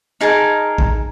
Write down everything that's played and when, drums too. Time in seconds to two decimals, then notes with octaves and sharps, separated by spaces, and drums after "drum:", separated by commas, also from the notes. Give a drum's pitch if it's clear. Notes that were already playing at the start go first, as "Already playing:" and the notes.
0.21 D#4 G#4 A#4 A5
0.78 drum: kick